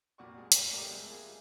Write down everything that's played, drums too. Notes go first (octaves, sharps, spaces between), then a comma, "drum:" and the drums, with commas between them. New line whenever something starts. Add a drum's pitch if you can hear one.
C2 A#2 F#4 D5 C#6
G#3 G#4
A1 A#5, drum: hi-hat
G3 G4 A4 A#4 D5 D#5
C#2 G#4 E5
G3 A#3 F4 G#4 D#5